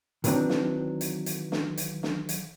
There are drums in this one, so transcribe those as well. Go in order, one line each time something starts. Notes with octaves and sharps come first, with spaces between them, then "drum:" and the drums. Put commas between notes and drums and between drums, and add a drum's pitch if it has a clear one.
D#3 E3 F#3 C4 D4, drum: hi-hat
drum: snare
drum: hi-hat
drum: hi-hat
drum: snare
drum: hi-hat
drum: snare
drum: hi-hat